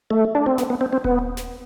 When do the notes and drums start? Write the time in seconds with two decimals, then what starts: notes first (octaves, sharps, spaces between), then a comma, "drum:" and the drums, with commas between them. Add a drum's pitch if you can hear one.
0.11 A3
0.35 D4
0.46 C4
0.58 B3, drum: snare
0.70 B3
0.81 C4
0.93 C4
1.04 B3, drum: kick D#1
1.37 drum: snare